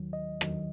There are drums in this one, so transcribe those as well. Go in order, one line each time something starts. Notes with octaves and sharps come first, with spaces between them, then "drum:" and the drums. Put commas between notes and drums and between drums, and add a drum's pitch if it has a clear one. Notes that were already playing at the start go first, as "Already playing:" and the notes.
Already playing: D#2 D#3 F#3
D#5
D#2 D#3 F#3, drum: rim click